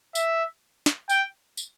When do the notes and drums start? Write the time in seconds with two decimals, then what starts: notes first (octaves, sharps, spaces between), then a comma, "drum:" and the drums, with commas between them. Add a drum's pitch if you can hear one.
0.15 E5, drum: tambourine
0.86 drum: snare
1.09 G5, drum: tambourine
1.57 drum: tambourine